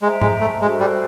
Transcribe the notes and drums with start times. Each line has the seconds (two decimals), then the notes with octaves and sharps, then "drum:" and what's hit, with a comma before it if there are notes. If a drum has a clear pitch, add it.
0.01 G#3 C5 E5 G5 A#5
0.21 G#3, drum: tom G#2
0.40 A3
0.60 G#3 D4 F#4 A4 C5
0.80 G3